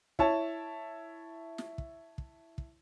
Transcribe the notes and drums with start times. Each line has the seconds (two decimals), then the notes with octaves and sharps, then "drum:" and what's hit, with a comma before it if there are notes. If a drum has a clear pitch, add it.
0.19 E4 C#5 A5, drum: kick
1.58 drum: snare
1.78 drum: kick
2.18 drum: kick
2.58 drum: kick